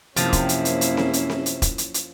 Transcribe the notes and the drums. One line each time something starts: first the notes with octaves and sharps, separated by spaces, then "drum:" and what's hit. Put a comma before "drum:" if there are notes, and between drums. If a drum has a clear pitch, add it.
F#2 C3 F3 A#3 C#4 E4, drum: hi-hat
drum: kick E1, hi-hat
drum: hi-hat
drum: hi-hat
drum: hi-hat
drum: snare C4
drum: hi-hat
drum: snare C4
drum: hi-hat
drum: kick E1, hi-hat
drum: hi-hat
drum: hi-hat